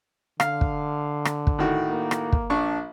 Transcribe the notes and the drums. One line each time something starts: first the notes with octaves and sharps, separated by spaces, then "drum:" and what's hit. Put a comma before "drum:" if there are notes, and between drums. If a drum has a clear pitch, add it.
D3 F5, drum: rim click
drum: kick
drum: rim click
drum: kick
A2 D#3 F#4
A#3
drum: rim click
drum: kick
A#1 D4 C#6